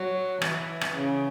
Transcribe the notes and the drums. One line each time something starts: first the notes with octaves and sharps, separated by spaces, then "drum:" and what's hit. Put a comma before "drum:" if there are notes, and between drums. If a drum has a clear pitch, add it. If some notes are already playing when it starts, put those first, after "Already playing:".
Already playing: F#3
E3, drum: rim click
drum: rim click
C#3